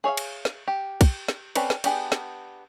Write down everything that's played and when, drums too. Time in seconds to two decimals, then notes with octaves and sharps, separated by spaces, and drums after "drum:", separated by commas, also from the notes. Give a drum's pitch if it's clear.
0.04 G#4 C#5 E5 F5
0.17 drum: cymbal
0.45 drum: snare
0.68 G4
1.01 drum: kick, cymbal
1.28 drum: snare
1.55 C4 C#4 A4 B4 D5, drum: cymbal
1.70 drum: snare
1.84 B3 D4 G4 G#4, drum: cymbal
2.12 drum: snare